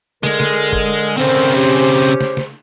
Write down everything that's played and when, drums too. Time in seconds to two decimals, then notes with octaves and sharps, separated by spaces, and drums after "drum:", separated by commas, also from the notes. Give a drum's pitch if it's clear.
0.23 D3 G#3 A#4, drum: snare
0.40 drum: snare
0.73 drum: kick
1.18 C#3 C4 C5
1.54 C#4 G4
2.21 drum: snare
2.37 drum: snare